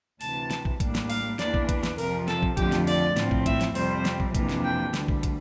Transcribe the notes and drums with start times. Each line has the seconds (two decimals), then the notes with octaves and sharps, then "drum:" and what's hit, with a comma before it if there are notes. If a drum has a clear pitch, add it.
0.21 D2 C3 E3 A5, drum: open hi-hat
0.51 drum: snare
0.65 drum: kick
0.80 A2 G3 A#3 D4, drum: kick, hi-hat
0.95 drum: snare
1.10 F5, drum: open hi-hat
1.39 E2 E3 A#3 D4 D5, drum: snare
1.54 drum: kick
1.69 drum: kick, hi-hat
1.83 drum: snare
1.98 F2 C3 F3 A#4, drum: open hi-hat
2.28 A4, drum: snare
2.43 drum: kick
2.57 F2 D3 F3 A3 G4, drum: kick, hi-hat
2.72 drum: snare
2.87 D5, drum: open hi-hat
3.17 A2 F3 C4, drum: snare
3.31 drum: kick
3.46 E5, drum: kick, hi-hat
3.61 drum: snare
3.75 F2 C3 G3 C4 C5, drum: open hi-hat
4.05 drum: snare
4.20 drum: kick
4.35 F2 C3 E3 A#3 D4, drum: kick, hi-hat
4.49 drum: snare
4.64 G5
4.94 D2 D3 G3, drum: snare
5.08 drum: kick
5.23 drum: kick, hi-hat